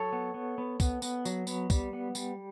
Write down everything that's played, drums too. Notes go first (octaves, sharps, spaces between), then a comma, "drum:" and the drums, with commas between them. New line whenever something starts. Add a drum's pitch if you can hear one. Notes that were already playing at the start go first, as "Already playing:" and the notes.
Already playing: F#3 A4 C#5
B3
B3
B3
B3, drum: kick, tambourine
B3, drum: tambourine
F#3, drum: tambourine
B3, drum: tambourine
G3, drum: kick, tambourine
B3
G3, drum: tambourine